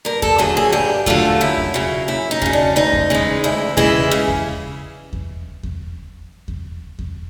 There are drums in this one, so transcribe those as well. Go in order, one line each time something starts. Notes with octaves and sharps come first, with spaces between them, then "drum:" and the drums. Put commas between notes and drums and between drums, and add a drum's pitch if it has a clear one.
G2 A#4
A4, drum: kick E2
D3 F#3 A3 G#4
G#4
G2 G4
D3 F#3 A3 F4, drum: kick E2
F#2 E4
drum: kick E2
C#3 F#3
F#2 E4
D#4
C#3 F#3, drum: kick E2
D4
D2 D#4
drum: kick E2
C#3 E3 G#3
D2 E4
C#3 E3 G#3 E4, drum: kick E2
C#3
drum: kick E2
drum: kick E2
drum: kick E2
drum: kick E2
drum: kick E2